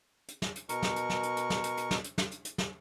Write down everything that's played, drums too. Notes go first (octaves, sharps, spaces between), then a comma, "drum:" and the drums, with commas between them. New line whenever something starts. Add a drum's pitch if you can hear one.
drum: hi-hat
drum: snare
drum: hi-hat
B2 A#4 C#6, drum: hi-hat
drum: snare
drum: hi-hat
drum: snare
drum: hi-hat
drum: hi-hat
drum: snare
drum: hi-hat
drum: hi-hat
drum: snare
drum: hi-hat
drum: snare
drum: hi-hat
drum: hi-hat
drum: snare